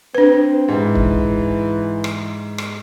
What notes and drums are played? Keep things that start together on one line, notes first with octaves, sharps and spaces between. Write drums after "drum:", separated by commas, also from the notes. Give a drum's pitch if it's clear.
C4 D4 B4
G#2 E3
drum: kick
drum: rim click
drum: rim click